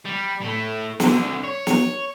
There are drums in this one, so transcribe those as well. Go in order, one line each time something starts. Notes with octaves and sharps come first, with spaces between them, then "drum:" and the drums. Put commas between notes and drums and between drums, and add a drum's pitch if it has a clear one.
G3
A2 A3
C2 D3, drum: snare
C#5
drum: snare